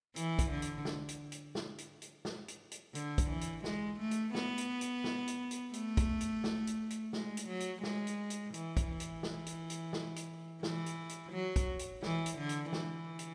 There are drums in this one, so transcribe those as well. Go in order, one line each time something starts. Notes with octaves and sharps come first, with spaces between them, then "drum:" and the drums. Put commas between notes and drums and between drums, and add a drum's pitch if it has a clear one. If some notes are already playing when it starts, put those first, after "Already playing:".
E3, drum: hi-hat
drum: kick, hi-hat
D3
drum: hi-hat
drum: snare
drum: hi-hat
drum: hi-hat
drum: snare
drum: hi-hat
drum: hi-hat
drum: snare
drum: hi-hat
drum: hi-hat
D3, drum: hi-hat
drum: kick, hi-hat
E3
drum: hi-hat
G#3, drum: snare
A3
drum: hi-hat
B3, drum: snare
drum: hi-hat
drum: hi-hat
drum: snare
drum: hi-hat
drum: hi-hat
A3, drum: hi-hat
drum: kick, hi-hat
drum: hi-hat
drum: snare
drum: hi-hat
drum: hi-hat
G#3, drum: snare
drum: hi-hat
F#3
drum: hi-hat
G#3, drum: snare
drum: hi-hat
drum: hi-hat
E3, drum: hi-hat
drum: kick, hi-hat
E3
drum: hi-hat
drum: snare
drum: hi-hat
drum: hi-hat
drum: snare
drum: hi-hat
E3, drum: snare
drum: hi-hat
drum: hi-hat
F#3
drum: kick, hi-hat
drum: hi-hat
E3, drum: snare
drum: hi-hat
D3
drum: hi-hat
E3, drum: snare
drum: hi-hat